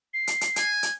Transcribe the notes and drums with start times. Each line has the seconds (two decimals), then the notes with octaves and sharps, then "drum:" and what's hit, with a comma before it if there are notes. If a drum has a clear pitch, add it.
0.14 C7
0.27 drum: hi-hat
0.41 drum: hi-hat
0.56 G#5, drum: hi-hat
0.83 drum: hi-hat